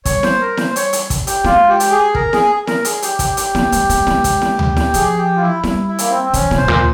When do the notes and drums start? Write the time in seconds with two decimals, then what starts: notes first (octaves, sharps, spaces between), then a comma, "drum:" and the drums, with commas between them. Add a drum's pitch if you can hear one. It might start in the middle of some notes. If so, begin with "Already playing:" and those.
0.05 G3 C#5, drum: kick, hi-hat
0.23 C5, drum: snare E4
0.41 A#4
0.57 C5, drum: snare E4
0.70 C5
0.76 C#5, drum: hi-hat
0.93 drum: hi-hat
1.10 drum: kick, hi-hat
1.27 G4, drum: hi-hat
1.44 G#3 F4, drum: snare E4
1.69 G4
1.80 drum: hi-hat
1.91 G#4
2.15 A#4, drum: kick
2.33 G#4, drum: snare E4
2.67 A#4, drum: snare E4
2.85 G#4, drum: hi-hat
3.02 G4, drum: hi-hat
3.19 G4, drum: kick, hi-hat
3.37 G4, drum: hi-hat
3.55 A#3, drum: snare E4
3.72 G#3, drum: hi-hat
3.90 G#3, drum: hi-hat
4.07 G#3, drum: snare E4
4.24 drum: kick, hi-hat
4.42 drum: snare E4
4.59 drum: tom D2
4.76 drum: snare E4
4.94 F3 G#4, drum: hi-hat
5.18 G4
5.37 F4
5.41 E4
5.63 G3 E4, drum: snare E4
5.88 E4
5.99 A#3, drum: hi-hat
6.10 C4
6.23 C4
6.34 E3 C#4, drum: kick, hi-hat
6.51 C3, drum: snare E4
6.57 C5
6.63 G#2
6.68 A#2 C5, drum: tom D2